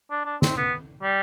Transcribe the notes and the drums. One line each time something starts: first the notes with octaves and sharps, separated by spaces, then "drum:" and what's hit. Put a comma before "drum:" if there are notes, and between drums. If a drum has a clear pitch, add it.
D4
D4
C4, drum: snare
B3
G3